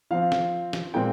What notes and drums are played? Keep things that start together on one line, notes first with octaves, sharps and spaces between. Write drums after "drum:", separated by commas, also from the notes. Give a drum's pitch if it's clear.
F3 C4 F5
drum: snare
drum: snare
A#2 G#3 C4 G5